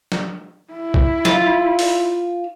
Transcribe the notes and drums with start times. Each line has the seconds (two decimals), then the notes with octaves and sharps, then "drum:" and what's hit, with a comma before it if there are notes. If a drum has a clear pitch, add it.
0.12 drum: snare
0.73 E4
0.94 drum: kick B1
1.25 F4, drum: snare
1.79 drum: open hi-hat